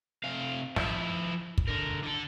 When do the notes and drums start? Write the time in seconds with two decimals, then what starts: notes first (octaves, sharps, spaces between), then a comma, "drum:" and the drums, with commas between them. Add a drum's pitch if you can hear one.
0.24 C3 F5
0.76 F3 E4, drum: snare
1.58 drum: kick
1.68 D3 A#4
2.03 D3 A4